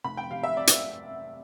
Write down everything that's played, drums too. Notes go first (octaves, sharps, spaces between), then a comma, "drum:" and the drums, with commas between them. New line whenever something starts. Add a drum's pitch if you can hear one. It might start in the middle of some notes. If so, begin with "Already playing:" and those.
F1 B5
G5
C3 F5
E5
D5
drum: hi-hat